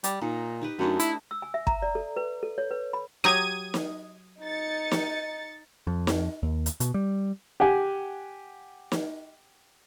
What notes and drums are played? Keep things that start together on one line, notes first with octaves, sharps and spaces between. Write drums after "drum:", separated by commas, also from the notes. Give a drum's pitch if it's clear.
G3, drum: hi-hat
A#2 D#4
D#4 G4 B4
F#2 A3 D4 D#4
E4, drum: hi-hat
E6
G#5
E5
A#5, drum: kick
D5
A4
B4
A4
C#5
B4
B5
F#3 G4 A#5 D#6 G#6 D#7
drum: snare
D#4 A6 C#7
drum: snare
F2
drum: snare
D#2
drum: hi-hat
B2, drum: hi-hat
G3
G4 F#5 G#5
drum: snare